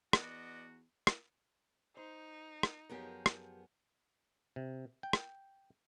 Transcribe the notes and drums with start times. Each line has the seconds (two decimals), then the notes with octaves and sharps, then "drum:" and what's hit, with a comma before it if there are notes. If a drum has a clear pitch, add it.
0.13 E2 B3 F#4 D5 D#5, drum: rim click
1.07 drum: rim click
1.97 D#4 C5
2.63 drum: rim click
2.90 F#2 F3 B3 G4 G#4 A#4
3.26 drum: rim click
4.56 C3
5.03 G5
5.13 drum: rim click